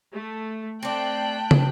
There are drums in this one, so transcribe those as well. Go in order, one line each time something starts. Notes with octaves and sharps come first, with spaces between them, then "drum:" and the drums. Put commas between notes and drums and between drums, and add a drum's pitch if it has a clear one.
A3
A3 C4 D4 G5 A5 F#6
drum: tom